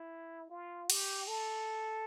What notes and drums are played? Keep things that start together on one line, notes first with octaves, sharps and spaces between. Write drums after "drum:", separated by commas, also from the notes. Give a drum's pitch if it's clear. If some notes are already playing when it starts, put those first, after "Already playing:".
Already playing: E4
F4
G4, drum: cymbal
A4